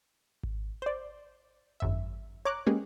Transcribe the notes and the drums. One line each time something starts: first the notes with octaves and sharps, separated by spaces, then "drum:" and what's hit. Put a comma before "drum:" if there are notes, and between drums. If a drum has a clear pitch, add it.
drum: kick G#1
C5 D5
G#1 F#2 E5
C#5 A#5 D6 F#6
G#3 A#3 B3 C#4 G4 G#4